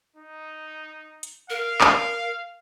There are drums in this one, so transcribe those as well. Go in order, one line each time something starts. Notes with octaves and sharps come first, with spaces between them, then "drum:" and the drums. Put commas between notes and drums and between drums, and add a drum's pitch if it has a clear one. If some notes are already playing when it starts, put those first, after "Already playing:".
D#4
drum: hi-hat
A#4 F5
drum: clap